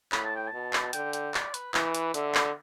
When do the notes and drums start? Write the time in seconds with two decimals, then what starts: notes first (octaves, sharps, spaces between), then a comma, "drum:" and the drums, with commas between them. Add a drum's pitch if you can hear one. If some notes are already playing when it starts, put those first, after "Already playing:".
0.12 A2 B5, drum: clap
0.24 A5
0.36 G5
0.48 B2 A5
0.73 drum: clap
0.93 D3 G5, drum: hi-hat
1.13 G5, drum: hi-hat
1.34 D5, drum: clap
1.54 B4, drum: hi-hat
1.74 E3 B4, drum: clap
1.94 B4, drum: hi-hat
2.14 D3 E5, drum: hi-hat
2.35 drum: clap